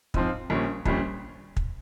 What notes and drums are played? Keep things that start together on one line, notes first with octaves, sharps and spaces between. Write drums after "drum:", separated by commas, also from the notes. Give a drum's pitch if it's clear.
G#2 F3 C4, drum: kick
A#1 A#2 G3 C#4
A#1 A#2 G3 C#4, drum: kick
drum: kick